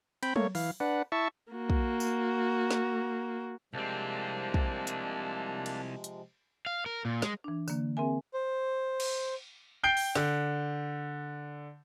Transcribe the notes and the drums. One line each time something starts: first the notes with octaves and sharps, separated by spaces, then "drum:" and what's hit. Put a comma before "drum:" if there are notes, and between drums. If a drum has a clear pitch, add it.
C4 G5 B5, drum: cymbal
A3 A#3 C#5, drum: tom F#3
E3 F5, drum: open hi-hat
D4 B4 F#5
E4 E5 A5 C#6
A#3 F#4
drum: kick
drum: tambourine
drum: snare
C2 C3 F3 G#3 A#3 C4 D4
drum: kick
drum: hi-hat
drum: cymbal
drum: hi-hat
F5
A#4
A#2
G#3, drum: snare
E3 D4
D3 A#3, drum: tambourine
C4 G#4 A#4 E5 G#5
C5
drum: cymbal
G5 G6 C7 D7 G7
drum: open hi-hat
D3, drum: snare